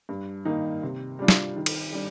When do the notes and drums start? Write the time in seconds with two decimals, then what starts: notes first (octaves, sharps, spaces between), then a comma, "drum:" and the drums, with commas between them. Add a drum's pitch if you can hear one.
0.09 G2
0.45 D#3 A#3 D#4
0.83 C3
1.19 G3 D4 F4
1.28 drum: snare
1.56 D#3
1.66 drum: cymbal
1.93 G3 D4